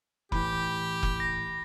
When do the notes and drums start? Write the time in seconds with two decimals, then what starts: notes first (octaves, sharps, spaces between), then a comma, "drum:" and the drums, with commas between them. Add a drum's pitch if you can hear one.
0.32 A2 E3 G4 B5, drum: kick F1
1.03 drum: kick F1
1.20 A#6